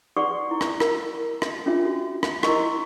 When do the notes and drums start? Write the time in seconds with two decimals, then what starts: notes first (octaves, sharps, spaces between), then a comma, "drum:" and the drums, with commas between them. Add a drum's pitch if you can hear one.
0.17 G#4 B4 D5 F#5 C6 C#6
0.51 E4
0.61 drum: rim click
0.80 A#4, drum: rim click
1.42 drum: rim click
1.66 C#4 D4 F4 G#4 E5
1.85 F#4
2.23 drum: rim click
2.43 E4 A#4 D#5 C6 C#6, drum: rim click